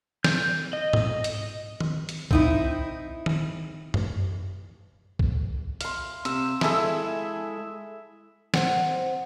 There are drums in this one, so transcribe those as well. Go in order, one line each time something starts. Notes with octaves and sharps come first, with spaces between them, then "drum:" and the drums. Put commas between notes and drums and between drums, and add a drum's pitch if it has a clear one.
G6, drum: snare
D#5
drum: tom G#2
drum: hi-hat
drum: tom D#3
drum: hi-hat
C4 D#4 E4, drum: kick B1
drum: tom D#3
drum: tom F#2
drum: kick B1
F5 C6, drum: hi-hat
C3 E6, drum: hi-hat
G#3 E4 G#4 A4 E5, drum: snare
C4 C5 F#5, drum: snare